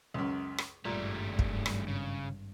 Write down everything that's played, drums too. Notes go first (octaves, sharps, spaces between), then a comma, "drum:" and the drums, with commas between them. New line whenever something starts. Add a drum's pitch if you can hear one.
C#2 F#2
drum: rim click
G#1 G2 A#2 G3 A3
drum: kick
drum: rim click
C#3